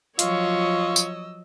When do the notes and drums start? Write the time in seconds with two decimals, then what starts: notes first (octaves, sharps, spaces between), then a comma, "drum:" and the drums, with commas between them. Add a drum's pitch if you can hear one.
0.19 F3 F#3 F4 C#5 D#5 C#6 E6, drum: hi-hat
0.96 drum: tambourine